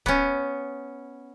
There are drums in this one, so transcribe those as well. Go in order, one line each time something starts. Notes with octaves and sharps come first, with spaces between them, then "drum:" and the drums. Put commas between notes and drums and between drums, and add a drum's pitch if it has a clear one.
B3 C#4, drum: kick